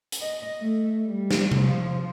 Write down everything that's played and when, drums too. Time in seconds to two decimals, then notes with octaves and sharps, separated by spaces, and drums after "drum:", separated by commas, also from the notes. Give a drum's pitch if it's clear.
0.12 drum: hi-hat
0.22 D#5
0.60 A3
1.06 G3
1.31 drum: snare
1.52 drum: tom C3
1.61 F3